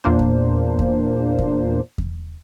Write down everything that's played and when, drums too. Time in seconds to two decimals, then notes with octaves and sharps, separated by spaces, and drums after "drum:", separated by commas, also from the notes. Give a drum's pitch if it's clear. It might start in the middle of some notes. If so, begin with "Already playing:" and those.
0.04 E2 A#2 A#3 D4 C5
0.19 drum: kick E2
0.79 drum: kick E2
1.38 drum: kick E2
1.98 drum: kick E2